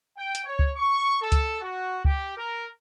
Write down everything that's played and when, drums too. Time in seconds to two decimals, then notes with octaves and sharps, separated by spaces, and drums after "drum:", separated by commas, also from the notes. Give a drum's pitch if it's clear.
0.16 G5
0.35 drum: hi-hat
0.45 C#5
0.59 drum: kick C#2
0.76 C#6
1.20 A4
1.32 drum: kick C#2, hi-hat
1.61 F#4
2.05 G4, drum: kick C#2
2.37 A#4